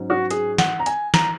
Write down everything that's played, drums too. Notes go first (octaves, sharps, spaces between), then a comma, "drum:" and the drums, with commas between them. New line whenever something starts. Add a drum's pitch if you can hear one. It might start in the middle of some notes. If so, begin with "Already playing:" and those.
Already playing: G#2 F#3 C#4
F#4
G#4, drum: hi-hat
F#5, drum: snare
A#5
G#5, drum: hi-hat
A#5, drum: snare